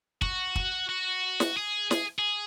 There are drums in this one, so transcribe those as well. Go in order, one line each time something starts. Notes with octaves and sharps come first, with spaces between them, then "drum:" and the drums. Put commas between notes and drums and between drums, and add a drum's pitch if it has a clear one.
F#4, drum: kick
drum: kick
F#4
drum: snare
G#4
G#4, drum: snare
G#4